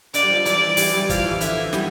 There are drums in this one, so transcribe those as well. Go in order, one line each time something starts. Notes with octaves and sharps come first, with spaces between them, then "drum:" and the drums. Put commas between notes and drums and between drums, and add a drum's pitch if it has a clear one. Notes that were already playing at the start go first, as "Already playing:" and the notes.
D3 D5, drum: hi-hat
G3
F3
E3 G3 D5, drum: hi-hat
E3
E3 G3, drum: open hi-hat
E3 G3
F3 F5, drum: kick, hi-hat
E3
D3 E5, drum: hi-hat
E3
G3 B3, drum: snare